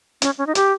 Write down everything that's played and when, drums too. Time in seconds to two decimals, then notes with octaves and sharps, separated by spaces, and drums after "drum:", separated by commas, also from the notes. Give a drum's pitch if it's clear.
0.22 C#4, drum: hi-hat
0.38 C#4
0.47 D#4
0.55 G4, drum: hi-hat